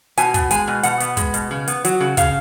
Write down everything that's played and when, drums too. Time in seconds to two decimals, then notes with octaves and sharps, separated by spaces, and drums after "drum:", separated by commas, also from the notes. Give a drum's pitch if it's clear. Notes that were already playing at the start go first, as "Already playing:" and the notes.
0.17 B2 G#5, drum: hi-hat
0.34 B3, drum: kick, hi-hat
0.51 G#3 G#5, drum: hi-hat
0.68 B2
0.83 B2 F#5, drum: hi-hat
1.00 B3, drum: hi-hat
1.17 G#3, drum: kick, hi-hat
1.34 B2, drum: hi-hat
1.51 C#3
1.68 B3, drum: hi-hat
1.85 F#3, drum: hi-hat
2.01 C#3
2.17 C#3 F5, drum: kick, hi-hat